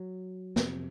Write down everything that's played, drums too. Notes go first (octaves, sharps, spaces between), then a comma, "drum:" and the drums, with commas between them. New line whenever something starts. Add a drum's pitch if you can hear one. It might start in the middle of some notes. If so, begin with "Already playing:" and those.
Already playing: F#3
F2 C3, drum: snare